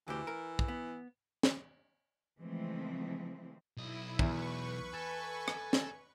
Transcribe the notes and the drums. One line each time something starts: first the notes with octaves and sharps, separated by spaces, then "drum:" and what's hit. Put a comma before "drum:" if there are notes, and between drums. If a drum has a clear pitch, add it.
D2 E3 G4
A#4
drum: kick
B3
drum: snare
C#3 E3 F3 G#3 A3 C4
B1 E4 D#5
E2 B4 C#6, drum: kick
A4 G#5
drum: rim click
drum: snare